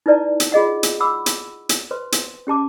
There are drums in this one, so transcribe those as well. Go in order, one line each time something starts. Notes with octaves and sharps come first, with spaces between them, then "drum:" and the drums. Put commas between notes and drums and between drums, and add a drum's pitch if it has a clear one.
D#4 E4 B4 D5 A5
drum: hi-hat
F4 G#4 D#5 F#5
drum: hi-hat
F#5 B5 D6 E6
drum: hi-hat
drum: hi-hat
B4 C5 C6
drum: hi-hat
C#4 G4 A5 D6